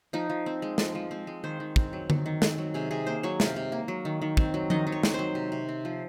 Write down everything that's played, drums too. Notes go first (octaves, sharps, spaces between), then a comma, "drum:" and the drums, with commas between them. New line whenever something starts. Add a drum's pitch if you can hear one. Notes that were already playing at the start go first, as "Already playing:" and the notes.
F3 D#4
F3
C4
G#3
F3, drum: snare
F3
C4
G#3
D#3 C5
D#3
C4, drum: kick
F#3
D#3, drum: tom D3
D#3
C4, drum: snare
F#3
C3 G#4
C3 G#4
A#3 C5
F#3 C#5
C3 F5, drum: snare
C3
A#3
F#3
D#3
D#3
C4, drum: kick
F#3
D#3 D#5, drum: tom F3
D#3
C#5
C4, drum: snare
F#3 C5
C3
C3
C4
F3